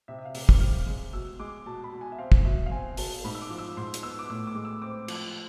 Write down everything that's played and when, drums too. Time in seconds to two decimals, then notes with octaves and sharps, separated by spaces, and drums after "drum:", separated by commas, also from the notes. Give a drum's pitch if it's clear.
0.08 C3 E5
0.19 E5
0.25 F5
0.35 C3, drum: open hi-hat
0.49 drum: kick
0.60 C3 F6
0.86 G#3
1.13 B2 E6
1.40 G#3 D6
1.66 B2 A5
1.84 B5
1.92 B2
2.01 G#5
2.12 E5
2.18 C4 F5
2.32 drum: kick
2.44 B2 E5
2.66 F5
2.71 C4 G#5
2.97 B2 A5, drum: open hi-hat
3.24 G#2 B5
3.35 E6
3.41 D6
3.50 F3
3.58 E6
3.77 G#2 C6
3.94 drum: hi-hat
4.03 B3 E6
4.19 D6
4.30 A2 E6
4.47 D6
4.55 G#3
4.65 E6
4.82 C4 D6
5.08 F3, drum: cymbal